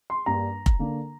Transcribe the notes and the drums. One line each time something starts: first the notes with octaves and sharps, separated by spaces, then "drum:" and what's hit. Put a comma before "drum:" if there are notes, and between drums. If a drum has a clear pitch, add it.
C6
G2 G3 A#3 D4 A#5
drum: kick F1
D3 A#3 D4